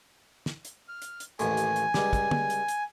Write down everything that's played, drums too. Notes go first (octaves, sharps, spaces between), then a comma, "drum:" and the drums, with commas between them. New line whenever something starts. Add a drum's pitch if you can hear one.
drum: snare
drum: hi-hat
F6
drum: hi-hat
drum: hi-hat
A1 D#2 A2 G#5, drum: hi-hat
drum: hi-hat
drum: hi-hat
C#2 G3, drum: snare
drum: kick, hi-hat
drum: tom
drum: hi-hat
drum: hi-hat